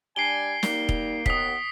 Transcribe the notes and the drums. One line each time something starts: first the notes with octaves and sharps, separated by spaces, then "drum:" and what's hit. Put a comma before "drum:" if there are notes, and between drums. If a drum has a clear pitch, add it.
G3 D4 G#5 C7 D7 G7
G3 A#3 D#4, drum: snare
drum: kick
D#2 B3 D#6 B6, drum: kick